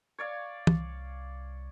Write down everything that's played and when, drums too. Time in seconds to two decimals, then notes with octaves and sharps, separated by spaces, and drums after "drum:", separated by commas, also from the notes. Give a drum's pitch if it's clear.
0.19 C#5 D5 F5
0.67 C2, drum: tom